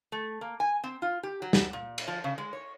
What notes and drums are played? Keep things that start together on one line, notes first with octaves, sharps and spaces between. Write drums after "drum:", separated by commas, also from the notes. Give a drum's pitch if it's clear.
A3
A#3
G#5
C4
F4
G4
F#3
drum: snare
A#2
drum: cymbal
F3
C#3
G#3
C#5